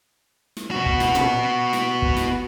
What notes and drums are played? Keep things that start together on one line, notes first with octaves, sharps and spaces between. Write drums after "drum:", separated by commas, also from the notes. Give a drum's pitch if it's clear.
drum: snare
B3 F#4
drum: kick
drum: snare
drum: tom A#2
drum: snare
drum: kick
drum: snare